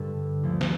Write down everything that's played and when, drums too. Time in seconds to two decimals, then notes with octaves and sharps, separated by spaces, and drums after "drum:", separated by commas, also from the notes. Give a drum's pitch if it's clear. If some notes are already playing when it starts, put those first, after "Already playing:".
Already playing: G2 D3 G3 A4 B4
0.43 D2 D3 F3 A3
0.61 drum: snare